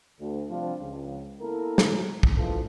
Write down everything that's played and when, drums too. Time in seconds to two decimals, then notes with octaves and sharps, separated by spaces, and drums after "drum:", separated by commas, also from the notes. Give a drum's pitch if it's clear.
0.20 D2
0.49 C3 F3 G3 C4 D4 F4
0.81 C#2
1.41 A#3 B3 E4 A4 A#4
1.78 drum: snare
2.23 drum: kick
2.36 D2 G#2 B2 E3 F3 A4